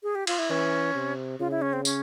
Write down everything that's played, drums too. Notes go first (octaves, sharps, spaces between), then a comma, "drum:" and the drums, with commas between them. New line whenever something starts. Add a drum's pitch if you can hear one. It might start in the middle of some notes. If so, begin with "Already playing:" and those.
G#4
G4
F4, drum: cymbal
E4
E3 C#4
C3
C#3 F4
E4
C#4
C4
C#4, drum: tambourine